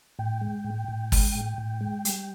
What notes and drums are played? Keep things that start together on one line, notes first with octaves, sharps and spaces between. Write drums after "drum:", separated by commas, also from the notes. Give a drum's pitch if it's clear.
A2 G5
G#3
A2
A2
G#3, drum: kick, open hi-hat
A2
A2
G#3
G3, drum: hi-hat